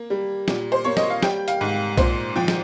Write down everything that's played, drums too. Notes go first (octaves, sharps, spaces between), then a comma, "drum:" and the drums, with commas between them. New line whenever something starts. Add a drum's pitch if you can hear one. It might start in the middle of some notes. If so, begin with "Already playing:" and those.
Already playing: A#3
G3
A#2, drum: snare
C5
A#3 C#5
D#5, drum: snare
F5
G3 G5, drum: snare
F5, drum: hi-hat
G#2
A#2 C5, drum: kick B1, hi-hat
F3 G5
drum: snare